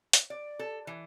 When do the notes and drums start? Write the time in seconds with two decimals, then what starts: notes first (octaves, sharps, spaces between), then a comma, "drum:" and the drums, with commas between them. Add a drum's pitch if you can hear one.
0.13 drum: hi-hat
0.30 D5
0.59 A4
0.87 E3